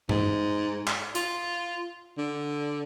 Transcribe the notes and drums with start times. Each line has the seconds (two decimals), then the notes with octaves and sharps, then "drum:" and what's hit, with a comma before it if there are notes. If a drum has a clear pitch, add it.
0.09 G#2, drum: tom G2
0.87 drum: clap
1.15 F4, drum: hi-hat
2.18 D3